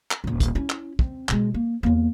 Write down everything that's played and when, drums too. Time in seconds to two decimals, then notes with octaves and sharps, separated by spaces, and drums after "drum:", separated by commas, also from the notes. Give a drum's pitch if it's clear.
0.11 drum: clap
0.24 D#1 A#1
0.40 drum: kick, hi-hat
0.55 C#4 E4
0.70 drum: clap
0.99 C4, drum: kick
1.29 B2 G#3, drum: clap
1.54 A#3
1.83 E2 A#3